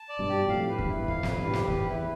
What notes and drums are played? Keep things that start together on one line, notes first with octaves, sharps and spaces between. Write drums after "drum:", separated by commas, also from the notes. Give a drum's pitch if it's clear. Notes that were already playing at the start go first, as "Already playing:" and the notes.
Already playing: A5
D5
G2 B2
G4
F2 A2 F5
B4
E2 G2, drum: kick
E4
F2 F5, drum: kick
F2, drum: snare
B4
E2 G2
G4
F2, drum: snare
E2 B4, drum: kick
E4